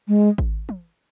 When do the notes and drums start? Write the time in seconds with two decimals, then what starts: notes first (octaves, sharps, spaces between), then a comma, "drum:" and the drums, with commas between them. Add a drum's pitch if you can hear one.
0.08 G#3
0.38 drum: kick G#1
0.69 drum: tom